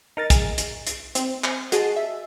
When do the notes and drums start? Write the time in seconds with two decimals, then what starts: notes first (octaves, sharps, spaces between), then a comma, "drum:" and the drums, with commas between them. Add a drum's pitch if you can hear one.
0.17 D#4 A#4 A6
0.30 G#4, drum: kick, hi-hat
0.58 drum: hi-hat
0.87 drum: hi-hat
1.15 C4, drum: hi-hat
1.44 drum: clap
1.72 F#4 G#4 D#5 A5 C6, drum: hi-hat
1.96 E5